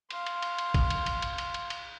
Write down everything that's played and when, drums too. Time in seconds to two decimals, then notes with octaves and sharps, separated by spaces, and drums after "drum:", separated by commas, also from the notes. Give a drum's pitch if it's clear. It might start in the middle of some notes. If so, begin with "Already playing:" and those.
0.11 F5 C6, drum: cymbal
0.26 drum: cymbal
0.42 drum: cymbal
0.58 drum: cymbal
0.74 drum: kick, cymbal
0.90 drum: cymbal
1.06 drum: cymbal
1.22 drum: cymbal
1.38 drum: cymbal
1.54 drum: cymbal
1.70 drum: cymbal